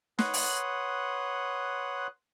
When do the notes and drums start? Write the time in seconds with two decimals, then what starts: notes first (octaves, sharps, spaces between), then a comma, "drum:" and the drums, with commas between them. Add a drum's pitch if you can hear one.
0.19 B4 C#5 F#5 C6 D#6 F#6, drum: snare
0.34 drum: open hi-hat